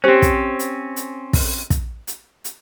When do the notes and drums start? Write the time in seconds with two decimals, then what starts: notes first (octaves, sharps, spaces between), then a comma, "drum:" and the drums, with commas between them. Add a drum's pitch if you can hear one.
0.04 C4 C#4 G4 C5
0.22 drum: kick, hi-hat
0.59 drum: hi-hat
0.96 drum: hi-hat
1.33 drum: kick, open hi-hat
1.70 drum: kick, hi-hat
2.07 drum: hi-hat
2.44 drum: hi-hat